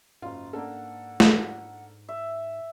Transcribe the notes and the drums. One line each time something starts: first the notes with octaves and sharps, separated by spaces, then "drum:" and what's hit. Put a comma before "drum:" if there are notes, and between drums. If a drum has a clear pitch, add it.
F#1 G#2 F4
A#3 D4 A4 F#5
drum: snare
E5